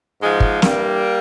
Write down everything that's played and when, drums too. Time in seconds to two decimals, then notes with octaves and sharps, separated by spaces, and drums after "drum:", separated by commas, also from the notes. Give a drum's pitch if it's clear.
0.22 G#2 F3 G#3
0.40 drum: kick
0.62 G2 E3 G3 A#3, drum: snare